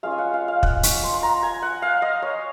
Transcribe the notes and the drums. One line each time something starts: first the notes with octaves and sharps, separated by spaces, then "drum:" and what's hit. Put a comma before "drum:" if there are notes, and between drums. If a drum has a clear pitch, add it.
G#3 C#4 F4 F5
G#5
F#5
F5
F5
F#5, drum: kick
C#6, drum: hi-hat
C6
C6
A#5
G#5
F#5
F5
D#5
C#5